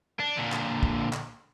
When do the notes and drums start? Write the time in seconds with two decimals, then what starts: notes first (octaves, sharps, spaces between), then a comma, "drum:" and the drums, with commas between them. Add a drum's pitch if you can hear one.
0.20 D4
0.37 A#2 D3
0.52 drum: clap
0.83 drum: kick
1.13 drum: clap